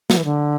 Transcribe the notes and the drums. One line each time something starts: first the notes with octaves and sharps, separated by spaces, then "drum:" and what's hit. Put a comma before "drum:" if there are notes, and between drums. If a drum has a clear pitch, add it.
F#3, drum: snare
E3
D3